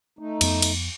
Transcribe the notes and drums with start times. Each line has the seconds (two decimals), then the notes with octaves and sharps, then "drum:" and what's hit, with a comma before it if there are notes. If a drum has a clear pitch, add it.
0.19 A3 D#4
0.41 F2 B3, drum: cymbal
0.62 drum: cymbal